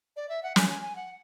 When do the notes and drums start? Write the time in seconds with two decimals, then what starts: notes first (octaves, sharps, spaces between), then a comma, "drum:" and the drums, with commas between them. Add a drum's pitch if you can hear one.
0.16 D5
0.29 E5
0.43 F#5
0.56 G#5, drum: snare
0.69 G#5
0.82 G#5
0.96 F#5